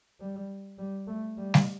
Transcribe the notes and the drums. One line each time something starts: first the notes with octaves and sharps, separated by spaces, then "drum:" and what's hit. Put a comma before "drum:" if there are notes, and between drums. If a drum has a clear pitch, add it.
G3
G3
A3
G3
drum: snare G3